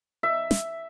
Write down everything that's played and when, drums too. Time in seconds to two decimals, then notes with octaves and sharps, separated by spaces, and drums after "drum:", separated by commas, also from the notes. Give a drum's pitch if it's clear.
0.23 E5
0.51 drum: snare